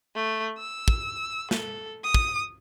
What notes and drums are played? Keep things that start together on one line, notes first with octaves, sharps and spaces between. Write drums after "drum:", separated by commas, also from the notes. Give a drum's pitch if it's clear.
A3
E6
drum: kick
A4, drum: snare
D#6
drum: kick